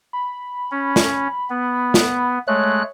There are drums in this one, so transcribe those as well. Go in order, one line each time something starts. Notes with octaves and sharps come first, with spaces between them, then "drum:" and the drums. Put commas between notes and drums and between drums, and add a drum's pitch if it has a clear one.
B5
C#4
drum: snare
B3
drum: snare
G#3 A3 C#5 F#6